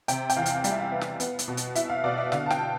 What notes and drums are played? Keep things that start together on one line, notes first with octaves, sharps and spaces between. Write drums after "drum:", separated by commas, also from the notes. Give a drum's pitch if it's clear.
C3 G5, drum: hi-hat
G5, drum: hi-hat
E2 F5
drum: hi-hat
G3 F5, drum: hi-hat
E5
F5
B3
drum: snare
B3, drum: hi-hat
drum: hi-hat
B2
drum: hi-hat
E4 E5, drum: hi-hat
F5
B2 D5
E5
D3 F5, drum: snare
A5
G5, drum: snare